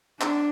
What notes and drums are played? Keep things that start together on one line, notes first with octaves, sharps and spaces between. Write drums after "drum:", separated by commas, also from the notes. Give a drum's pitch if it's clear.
D4, drum: clap